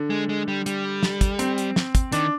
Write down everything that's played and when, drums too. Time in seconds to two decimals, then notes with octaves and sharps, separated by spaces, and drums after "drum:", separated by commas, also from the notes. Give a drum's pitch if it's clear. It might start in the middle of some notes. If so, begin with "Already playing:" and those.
Already playing: D3
0.10 G#3
0.29 G#3
0.48 G3
0.66 G3, drum: hi-hat
1.03 drum: snare
1.21 drum: kick, hi-hat
1.39 C4, drum: hi-hat
1.58 drum: hi-hat
1.76 drum: snare
1.95 drum: kick, hi-hat
2.12 D#3 D4, drum: hi-hat